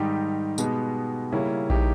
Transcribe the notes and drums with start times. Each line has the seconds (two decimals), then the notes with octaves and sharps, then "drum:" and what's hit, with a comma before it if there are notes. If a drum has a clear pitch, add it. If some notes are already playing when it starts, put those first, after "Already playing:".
Already playing: G#2 D#3 G3 D#4 G4
0.58 B2 G#3 B3, drum: tambourine
1.32 C#3 G3 A#3 C#4 E4
1.70 D#4 G4, drum: kick A#1